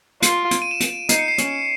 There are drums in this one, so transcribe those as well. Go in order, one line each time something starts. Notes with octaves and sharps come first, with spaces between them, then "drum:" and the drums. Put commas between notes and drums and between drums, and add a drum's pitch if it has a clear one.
F4 D7, drum: hi-hat
D7, drum: hi-hat
D#7
E7
D7, drum: hi-hat
D#4 C7, drum: hi-hat
C#7
C7
C#4, drum: hi-hat